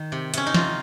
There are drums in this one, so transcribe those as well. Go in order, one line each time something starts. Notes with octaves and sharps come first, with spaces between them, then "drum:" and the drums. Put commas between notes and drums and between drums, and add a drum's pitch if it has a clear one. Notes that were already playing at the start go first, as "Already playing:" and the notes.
Already playing: D#3
C3
C3 C#4, drum: hi-hat
D#4
C3 F4, drum: snare